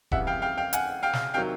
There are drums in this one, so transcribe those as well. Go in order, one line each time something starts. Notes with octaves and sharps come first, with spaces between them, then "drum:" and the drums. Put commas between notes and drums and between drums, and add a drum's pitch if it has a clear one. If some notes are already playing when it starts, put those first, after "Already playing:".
F2 C#3 E3 G3 E5 F#5, drum: kick E1
F5 G5
F5 G5
F5 G5
F#5 G#5, drum: hi-hat
F5 G5
drum: snare
C3 D#3 F#3 F5 G5